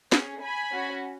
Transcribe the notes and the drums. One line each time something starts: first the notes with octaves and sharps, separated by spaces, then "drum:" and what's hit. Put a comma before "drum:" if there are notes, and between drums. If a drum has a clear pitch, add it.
C#4 G#4, drum: snare
G#5 B5
C#4 F#4